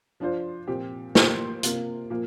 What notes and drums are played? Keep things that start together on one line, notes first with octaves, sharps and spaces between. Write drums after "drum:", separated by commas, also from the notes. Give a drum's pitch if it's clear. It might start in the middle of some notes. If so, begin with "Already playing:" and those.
F3 D4 F4 C5
A#2 F3 C4 G4
F3 A#3 G4 C5, drum: snare
C3 A#3 F4, drum: hi-hat
A#2 F3 A#3